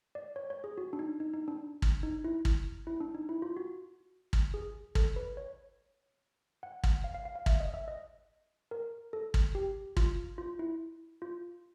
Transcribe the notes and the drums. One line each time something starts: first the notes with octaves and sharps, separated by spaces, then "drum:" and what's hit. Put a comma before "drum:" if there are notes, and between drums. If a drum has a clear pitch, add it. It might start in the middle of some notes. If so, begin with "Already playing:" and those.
D5
C#5
C#5
G#4
F#4
D4
D#4
D#4
D#4
D4
drum: kick
D#4
E4
drum: kick
E4
D4
D#4
E4
F4
F#4
drum: kick
G#4
A4, drum: kick
B4
C#5
F#5
F#5, drum: kick
F5
F5
F5
F5
E5, drum: kick
D#5
E5
D#5
A#4
A4
drum: kick
G4
F4, drum: kick
F4
E4
F4